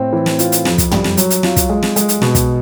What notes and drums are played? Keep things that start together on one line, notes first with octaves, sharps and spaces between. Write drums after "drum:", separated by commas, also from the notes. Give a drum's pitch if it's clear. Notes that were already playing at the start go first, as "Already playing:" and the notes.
Already playing: A2 C4
E3
drum: snare
F4, drum: hi-hat
drum: hi-hat
F2, drum: snare
drum: kick, hi-hat
G3, drum: tom
drum: snare
F#3, drum: hi-hat
drum: hi-hat
F4, drum: snare
drum: kick, hi-hat
G#3
drum: snare
G#3, drum: hi-hat
drum: hi-hat
B2, drum: snare
drum: kick, hi-hat